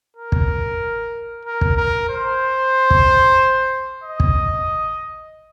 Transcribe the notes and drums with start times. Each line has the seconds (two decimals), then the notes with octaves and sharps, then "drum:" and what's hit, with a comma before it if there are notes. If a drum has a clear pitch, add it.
0.17 A#4
0.32 drum: kick
1.45 A#4
1.61 drum: kick
1.77 A#4
2.10 C5
2.91 drum: kick
4.04 D#5
4.20 drum: kick